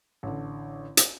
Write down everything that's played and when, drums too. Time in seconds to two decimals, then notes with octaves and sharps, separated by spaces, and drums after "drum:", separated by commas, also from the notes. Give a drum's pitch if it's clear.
0.23 A1 D3
0.97 drum: hi-hat